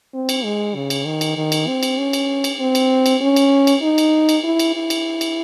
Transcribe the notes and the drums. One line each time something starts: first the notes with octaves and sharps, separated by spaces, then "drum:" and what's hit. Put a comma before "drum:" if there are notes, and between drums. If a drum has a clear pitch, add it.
C4
drum: cymbal
G#3
C#3
drum: cymbal
D#3
drum: cymbal
D#3
drum: cymbal
C4
drum: cymbal
C#4
drum: cymbal
drum: cymbal
C4
drum: cymbal
drum: cymbal
C#4
drum: cymbal
drum: cymbal
D#4
drum: cymbal
drum: cymbal
E4
drum: cymbal
E4
drum: cymbal
drum: cymbal